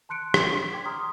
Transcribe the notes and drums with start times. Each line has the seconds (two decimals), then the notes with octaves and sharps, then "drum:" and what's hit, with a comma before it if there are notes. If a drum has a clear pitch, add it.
0.09 A5 C6 F#6 C#7 D7
0.34 drum: rim click
0.46 C#6 B6
0.73 G5 C6 D6 G#6
0.85 A#5 C6 D#6 F6